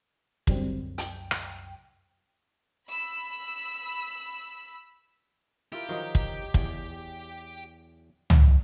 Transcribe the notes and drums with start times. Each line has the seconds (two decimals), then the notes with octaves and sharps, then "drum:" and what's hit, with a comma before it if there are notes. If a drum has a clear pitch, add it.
0.47 C2 F#2 D3 G3 C4, drum: kick
0.98 G5, drum: hi-hat
1.31 drum: rim click
2.89 B5 E6
5.72 E4 F4 G4 A#4
5.89 D#3 F3 F#3 D#4
6.15 drum: kick
6.54 E2, drum: kick
8.30 drum: tom C#2